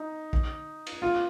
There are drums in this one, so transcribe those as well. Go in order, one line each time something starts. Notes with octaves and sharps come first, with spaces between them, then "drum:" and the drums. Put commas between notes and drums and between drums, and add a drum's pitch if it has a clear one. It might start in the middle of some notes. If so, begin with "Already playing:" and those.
Already playing: D#4
drum: kick A#1
drum: cymbal
F4